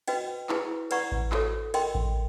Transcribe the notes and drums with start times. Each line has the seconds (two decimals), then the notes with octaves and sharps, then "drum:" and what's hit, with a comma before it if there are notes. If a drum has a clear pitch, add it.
0.08 F#4 B4 D#5 G5, drum: cymbal
0.49 E4 G#4 B4, drum: clap
0.91 B4 D5 F#5 A#5 C#6, drum: cymbal
1.12 drum: kick A1
1.32 F#4 A4 C#5, drum: clap
1.74 A#4 D#5 G5 C6, drum: cymbal
1.95 drum: kick A1